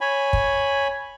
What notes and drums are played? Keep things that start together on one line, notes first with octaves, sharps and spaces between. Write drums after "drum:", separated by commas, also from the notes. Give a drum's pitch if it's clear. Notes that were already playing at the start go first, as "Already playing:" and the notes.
C#5 G#5 B5
drum: kick